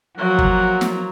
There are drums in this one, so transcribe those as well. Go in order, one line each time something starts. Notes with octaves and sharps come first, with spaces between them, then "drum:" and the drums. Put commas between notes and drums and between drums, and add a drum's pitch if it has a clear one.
F3 F#3 A#3 F#5
drum: kick
drum: snare